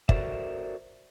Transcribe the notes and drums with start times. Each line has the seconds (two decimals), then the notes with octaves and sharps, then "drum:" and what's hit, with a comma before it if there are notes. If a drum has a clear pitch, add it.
0.09 F#4 A4 A#4 C5 D5 E5, drum: kick